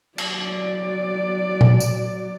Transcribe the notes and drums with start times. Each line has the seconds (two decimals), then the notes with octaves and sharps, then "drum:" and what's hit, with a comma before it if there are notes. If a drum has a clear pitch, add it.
0.18 F#3 D5, drum: cymbal
1.61 drum: tom A#2
1.80 drum: tambourine